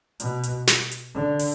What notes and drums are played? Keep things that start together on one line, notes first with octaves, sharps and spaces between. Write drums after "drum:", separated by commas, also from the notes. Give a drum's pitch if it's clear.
B2, drum: hi-hat
drum: hi-hat
drum: snare
drum: hi-hat
D3
drum: open hi-hat